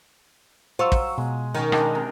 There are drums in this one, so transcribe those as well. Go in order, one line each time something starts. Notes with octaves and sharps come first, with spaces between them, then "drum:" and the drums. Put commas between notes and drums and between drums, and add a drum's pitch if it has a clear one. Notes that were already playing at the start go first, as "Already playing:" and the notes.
F#3 F4 C5 C#6 E6
drum: kick
B2 G#3
D#3 C#4 A#4
G#3 D4 D#4, drum: rim click
C3 A#4